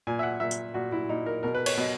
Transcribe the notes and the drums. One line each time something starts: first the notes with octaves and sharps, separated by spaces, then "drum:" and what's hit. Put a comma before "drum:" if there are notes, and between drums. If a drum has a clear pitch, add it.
A#2 G#5
E5
F#5
A#2 E5
drum: tambourine
A#2 F#4
E4
A#2 D#4
A#4
B2 A#4
B4
C#5, drum: cymbal
B2 D#5